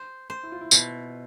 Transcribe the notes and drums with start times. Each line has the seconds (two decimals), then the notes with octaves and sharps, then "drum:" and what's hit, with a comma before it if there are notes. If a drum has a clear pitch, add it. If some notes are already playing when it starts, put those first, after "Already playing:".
Already playing: C5
0.30 C5
0.43 E4
0.52 F4
0.61 E4
0.71 B2 E4, drum: tambourine